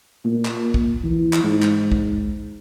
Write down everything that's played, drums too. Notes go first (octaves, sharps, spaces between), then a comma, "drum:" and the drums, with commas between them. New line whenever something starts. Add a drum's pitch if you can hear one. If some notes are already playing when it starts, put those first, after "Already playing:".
A#2
drum: clap
drum: kick
E3
drum: clap
G#2
drum: clap
drum: kick